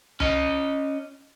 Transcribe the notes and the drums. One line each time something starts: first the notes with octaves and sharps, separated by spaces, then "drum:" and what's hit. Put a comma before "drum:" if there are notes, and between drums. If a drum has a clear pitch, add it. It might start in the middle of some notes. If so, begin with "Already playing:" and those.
C#4 D#5, drum: tom C#2